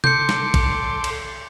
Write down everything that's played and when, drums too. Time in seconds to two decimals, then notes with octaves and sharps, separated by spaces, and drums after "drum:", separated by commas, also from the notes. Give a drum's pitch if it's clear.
0.04 A4 C6 D6 G6 C#7, drum: tom C3
0.29 drum: snare
0.54 drum: kick A#1, cymbal
1.04 drum: cymbal